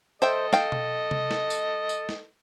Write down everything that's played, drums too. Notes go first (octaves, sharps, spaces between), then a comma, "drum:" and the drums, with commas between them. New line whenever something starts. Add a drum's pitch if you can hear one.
A4 C5 D#5 E5 G5
F5 G5, drum: snare
drum: tom B2
drum: tom C3
drum: snare
drum: tambourine
drum: tambourine
drum: snare